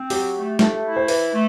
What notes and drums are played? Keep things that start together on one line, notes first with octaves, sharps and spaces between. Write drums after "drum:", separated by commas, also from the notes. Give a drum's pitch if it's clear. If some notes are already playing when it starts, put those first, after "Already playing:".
Already playing: C4
F#3 G4, drum: open hi-hat
A3
A3, drum: snare
E4
C5
E3 B4, drum: open hi-hat
A3